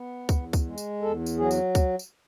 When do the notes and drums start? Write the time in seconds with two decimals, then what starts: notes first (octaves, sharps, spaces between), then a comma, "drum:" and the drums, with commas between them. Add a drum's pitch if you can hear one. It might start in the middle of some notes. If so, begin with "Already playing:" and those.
Already playing: B3
0.29 E2, drum: kick C#2, tambourine
0.53 drum: kick C#2, tambourine
0.66 G#3
0.78 drum: tambourine
1.02 E2 A4
1.26 drum: tambourine
1.38 F#3 G#4
1.51 drum: tambourine
1.75 drum: kick C#2, tambourine
1.99 drum: tambourine